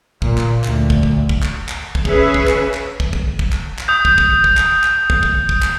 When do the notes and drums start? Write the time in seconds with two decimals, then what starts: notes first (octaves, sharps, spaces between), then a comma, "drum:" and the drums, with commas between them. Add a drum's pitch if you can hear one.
0.22 A#2, drum: kick
0.38 drum: clap
0.64 D2, drum: clap
0.90 drum: kick
1.03 drum: kick
1.29 drum: kick
1.43 drum: clap
1.69 drum: clap
1.95 drum: kick
2.05 C#4 G#4 B4 E5, drum: kick
2.34 drum: kick
2.47 drum: clap
2.74 drum: clap
3.00 drum: kick
3.13 drum: kick
3.39 drum: kick
3.52 drum: clap
3.79 drum: clap
3.88 D#6 G6
4.05 drum: kick
4.18 drum: kick
4.44 drum: kick
4.57 drum: clap
4.84 drum: clap
5.10 drum: kick
5.23 drum: kick
5.49 drum: kick
5.62 drum: clap